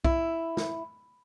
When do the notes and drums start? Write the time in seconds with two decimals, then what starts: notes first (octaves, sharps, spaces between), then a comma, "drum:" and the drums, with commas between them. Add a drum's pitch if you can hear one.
0.04 E4, drum: kick B1
0.57 drum: snare